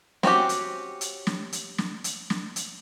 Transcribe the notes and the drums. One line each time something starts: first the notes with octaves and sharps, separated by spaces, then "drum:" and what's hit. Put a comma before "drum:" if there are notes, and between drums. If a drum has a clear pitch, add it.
C4 C#4 F#4 G4, drum: snare
drum: hi-hat
drum: hi-hat
drum: snare
drum: hi-hat
drum: snare
drum: hi-hat
drum: snare
drum: hi-hat